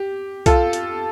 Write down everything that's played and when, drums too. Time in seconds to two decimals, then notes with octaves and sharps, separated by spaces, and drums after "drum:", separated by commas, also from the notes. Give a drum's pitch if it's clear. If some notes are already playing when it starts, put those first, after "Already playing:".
Already playing: G4
0.46 F4 A4, drum: kick B1, hi-hat
0.73 drum: hi-hat